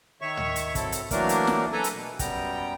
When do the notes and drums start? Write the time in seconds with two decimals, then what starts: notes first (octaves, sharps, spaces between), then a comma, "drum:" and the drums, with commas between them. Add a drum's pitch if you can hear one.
0.21 D#3 C#5 E5 C#6
0.37 drum: tom
0.56 drum: hi-hat
0.75 F#3 C4 E4 A4, drum: kick, hi-hat
0.92 drum: hi-hat
1.11 E3 F#3 A3 A#3 D4 A#4, drum: kick, hi-hat
1.29 drum: hi-hat
1.47 drum: snare
1.73 A4 B4 G#5 A#5
1.84 drum: hi-hat
1.94 B2
2.19 F#2 G3 B3 G5 A#5, drum: kick, hi-hat